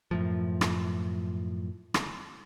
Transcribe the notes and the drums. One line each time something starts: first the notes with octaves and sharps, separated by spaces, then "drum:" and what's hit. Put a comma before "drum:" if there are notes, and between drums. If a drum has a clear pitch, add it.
F#2 A2 F3
drum: rim click
drum: rim click